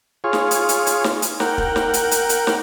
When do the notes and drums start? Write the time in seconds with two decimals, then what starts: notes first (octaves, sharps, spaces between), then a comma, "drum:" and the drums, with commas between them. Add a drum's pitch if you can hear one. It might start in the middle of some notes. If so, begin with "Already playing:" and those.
0.24 F4 G#4 C#5
0.33 drum: snare
0.51 drum: hi-hat
0.69 drum: hi-hat
0.86 drum: hi-hat
1.04 drum: snare
1.22 drum: hi-hat
1.40 A#4 F#5 G5, drum: snare
1.58 drum: kick
1.76 drum: snare
1.94 drum: hi-hat
2.11 drum: hi-hat
2.29 drum: hi-hat
2.47 drum: snare